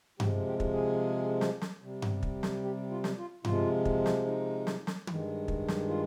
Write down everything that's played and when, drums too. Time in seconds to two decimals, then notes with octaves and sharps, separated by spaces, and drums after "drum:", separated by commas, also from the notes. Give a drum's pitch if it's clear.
0.20 C3 F3 G#3 G4, drum: tom G2
0.47 G4
0.60 drum: kick
0.73 G#4
1.41 drum: snare
1.62 drum: snare
1.82 C3 G3
2.02 drum: tom G2
2.23 drum: kick
2.43 drum: snare
2.63 G4
2.91 F4
3.04 drum: snare
3.18 F4
3.45 C3 F3 G#3 F4, drum: tom G2
3.85 drum: kick
4.06 drum: snare
4.26 D#4
4.67 drum: snare
4.87 drum: snare
5.07 G2 D#3 G#3, drum: tom
5.48 drum: kick
5.68 drum: snare
5.89 F4